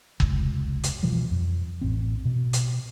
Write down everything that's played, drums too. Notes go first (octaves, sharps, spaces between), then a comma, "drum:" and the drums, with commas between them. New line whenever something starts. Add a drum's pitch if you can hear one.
F1 C#2, drum: kick
drum: hi-hat
B2 E3 F3 G3
F2
A1 C4
B2
drum: hi-hat